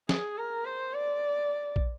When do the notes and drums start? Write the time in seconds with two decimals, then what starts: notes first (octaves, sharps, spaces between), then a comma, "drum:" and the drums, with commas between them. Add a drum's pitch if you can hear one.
0.09 G#4, drum: snare
0.38 A#4
0.65 C5
0.94 D5
1.76 drum: kick